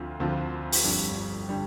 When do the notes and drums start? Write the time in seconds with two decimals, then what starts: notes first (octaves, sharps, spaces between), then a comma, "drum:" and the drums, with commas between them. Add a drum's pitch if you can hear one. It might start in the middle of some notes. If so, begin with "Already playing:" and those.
Already playing: D2 D3 F3 C4 F4
0.20 D2 D3 F3 C4 F4
0.72 drum: open hi-hat
0.84 G1 F2 D3 G3
1.49 D3 G3